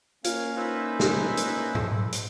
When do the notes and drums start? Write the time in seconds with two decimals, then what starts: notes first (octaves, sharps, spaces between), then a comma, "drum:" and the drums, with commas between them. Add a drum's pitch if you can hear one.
0.24 A#3 C#4 F4 F5 G#6, drum: hi-hat
0.57 D#4 E4 B4 C5 E5
1.00 drum: snare
1.37 drum: hi-hat
1.75 drum: tom G#2
2.12 drum: hi-hat